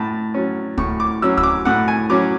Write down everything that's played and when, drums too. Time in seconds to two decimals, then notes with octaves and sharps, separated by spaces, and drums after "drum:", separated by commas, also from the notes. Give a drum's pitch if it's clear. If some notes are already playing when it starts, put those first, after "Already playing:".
Already playing: A2 A5
0.34 F#3 C#4
0.78 A2 C#6, drum: kick
1.00 D6
1.22 F#3 C#4 E6
1.37 E6, drum: kick
1.43 D6
1.65 A2 F#5
1.88 G#5
2.10 F#3 C#4 D6